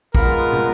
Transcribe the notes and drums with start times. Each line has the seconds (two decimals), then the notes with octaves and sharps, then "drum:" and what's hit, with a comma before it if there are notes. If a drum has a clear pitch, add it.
0.15 G#3 B3 F4 A#4 B4, drum: kick A#1
0.53 drum: tom